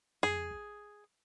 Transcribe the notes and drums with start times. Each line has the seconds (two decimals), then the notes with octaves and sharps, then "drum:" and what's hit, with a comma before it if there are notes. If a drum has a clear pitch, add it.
0.23 G#4, drum: tom
0.51 drum: kick